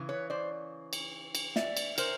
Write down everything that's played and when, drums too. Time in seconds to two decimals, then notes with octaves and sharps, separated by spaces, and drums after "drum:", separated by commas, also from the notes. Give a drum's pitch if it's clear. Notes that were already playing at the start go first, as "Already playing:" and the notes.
Already playing: C#3 E3
0.09 B4 C#5
0.30 C5 D5
0.93 drum: cymbal
1.35 drum: cymbal
1.56 D5 E5, drum: snare
1.77 drum: cymbal
1.98 A#4 C5, drum: cymbal